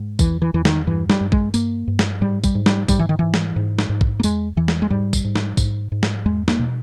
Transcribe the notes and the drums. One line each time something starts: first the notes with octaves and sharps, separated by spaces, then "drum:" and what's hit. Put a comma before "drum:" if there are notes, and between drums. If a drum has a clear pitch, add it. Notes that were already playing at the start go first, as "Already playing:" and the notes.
Already playing: G#2
E2 E3, drum: kick, tambourine
E3
E2 E3
D#3, drum: snare
G2 E3
G3, drum: snare
G2
G#3, drum: kick
G2 A#3, drum: tambourine
G2
drum: snare
G#2 G3
G3, drum: kick, tambourine
G#2
G3, drum: snare
G#2 G3, drum: kick, tambourine
E3
D#3
G#2 E3
drum: snare
G#2
drum: snare
G#2
drum: kick
A#3
E2 G#3, drum: tambourine
E2 E3
drum: snare
G#3
G#2 G3
drum: kick, tambourine
G#2
drum: snare
G#2, drum: kick, tambourine
G#2
drum: snare
E2 G#3
A#3, drum: snare
B2